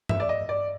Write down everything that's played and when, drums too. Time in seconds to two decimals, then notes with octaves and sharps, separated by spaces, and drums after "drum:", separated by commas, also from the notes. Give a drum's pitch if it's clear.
0.09 E5, drum: tom G2
0.20 D5
0.29 D#5
0.49 D5